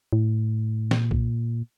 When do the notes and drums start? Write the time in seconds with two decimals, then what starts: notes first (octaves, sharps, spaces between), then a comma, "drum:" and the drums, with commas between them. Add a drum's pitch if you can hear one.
0.13 A2
0.91 A#2, drum: snare
1.11 drum: kick B1